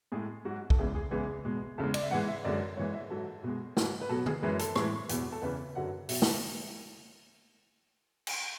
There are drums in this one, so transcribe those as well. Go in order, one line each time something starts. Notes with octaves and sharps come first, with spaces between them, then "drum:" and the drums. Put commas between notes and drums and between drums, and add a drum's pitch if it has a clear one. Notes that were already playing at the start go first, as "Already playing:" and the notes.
A2 G#3 G#4
G#2 F#3 F#4
A4, drum: kick
E2 C#3 E3 G#3 G#4
G#4
E2 C#3 E3 G#3 G#4
B2 G#3
E2 C#3 G#3 A4
D5, drum: cymbal
E5
G#2 E3 G#3 F#5
E5
F#2 D3 G#3 D5
G#2 E3 G#3 C#5
E5
G#2 F#3 A4
B2 G#3
G#2 F#3, drum: snare
B4
B2 F#3 A4
G#4, drum: tom
F#2 E3 G#3 B4
A4, drum: hi-hat
A2 E3 G#3, drum: rim click
E2 B2 F#3, drum: hi-hat
A4
E2 C#3 E3 B4
F#2 D3 F#3 F#5
B2 F#3 E5, drum: open hi-hat
drum: snare
drum: cymbal